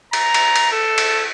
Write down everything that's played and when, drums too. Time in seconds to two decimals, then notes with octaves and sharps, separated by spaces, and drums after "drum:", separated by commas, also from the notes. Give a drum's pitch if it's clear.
0.13 A#5, drum: cymbal
0.34 drum: cymbal
0.56 drum: cymbal
0.72 A4
0.98 drum: cymbal